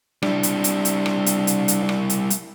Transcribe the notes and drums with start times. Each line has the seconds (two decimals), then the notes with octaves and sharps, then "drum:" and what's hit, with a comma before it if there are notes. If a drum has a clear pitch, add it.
0.22 G3 D4 E4, drum: rim click
0.43 drum: hi-hat
0.64 drum: hi-hat
0.85 drum: hi-hat
1.06 drum: rim click
1.26 drum: hi-hat
1.47 drum: hi-hat
1.68 drum: hi-hat
1.89 drum: rim click
2.10 drum: hi-hat
2.30 drum: hi-hat